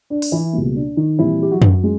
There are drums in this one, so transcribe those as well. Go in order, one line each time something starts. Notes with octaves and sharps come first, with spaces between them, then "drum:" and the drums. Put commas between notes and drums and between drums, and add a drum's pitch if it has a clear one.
D4
drum: open hi-hat
E3 E4
C#2 B2 G3 A#3
D4
D#3 D#4
A#2 E3 G3 C4 E4
G4
F#3 F#4
drum: tom F#2
G#3 C#4